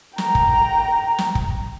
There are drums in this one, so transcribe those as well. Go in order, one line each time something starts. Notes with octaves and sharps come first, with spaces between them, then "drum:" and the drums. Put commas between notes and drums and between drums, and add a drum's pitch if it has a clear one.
G5 A#5, drum: snare
drum: kick
drum: snare
drum: kick